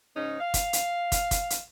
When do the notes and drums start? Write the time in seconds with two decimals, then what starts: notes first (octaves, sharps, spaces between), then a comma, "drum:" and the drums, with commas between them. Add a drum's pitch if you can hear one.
0.15 G#2 C#3 C#4 D#4
0.40 F5
0.54 drum: kick, hi-hat
0.73 drum: hi-hat
1.12 drum: kick, hi-hat
1.31 drum: kick, hi-hat
1.50 drum: hi-hat